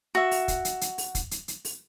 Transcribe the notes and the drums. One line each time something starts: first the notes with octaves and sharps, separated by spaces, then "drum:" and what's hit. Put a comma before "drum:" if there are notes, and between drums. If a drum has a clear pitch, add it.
F#4 E5
drum: open hi-hat
drum: kick, hi-hat
drum: hi-hat
drum: hi-hat
drum: open hi-hat
drum: kick, hi-hat
drum: hi-hat
drum: hi-hat
drum: open hi-hat